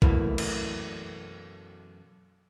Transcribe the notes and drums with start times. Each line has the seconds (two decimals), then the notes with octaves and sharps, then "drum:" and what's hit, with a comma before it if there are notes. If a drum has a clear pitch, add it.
0.02 F#2 B2 E3 A3 A#3 E4, drum: kick A#1
0.38 drum: cymbal